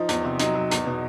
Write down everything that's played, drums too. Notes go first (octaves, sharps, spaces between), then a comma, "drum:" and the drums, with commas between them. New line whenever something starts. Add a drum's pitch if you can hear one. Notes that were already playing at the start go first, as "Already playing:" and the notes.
Already playing: F3 D#4
E2, drum: hi-hat
C3
F#3 D#4, drum: hi-hat
F#3
E2, drum: hi-hat
B2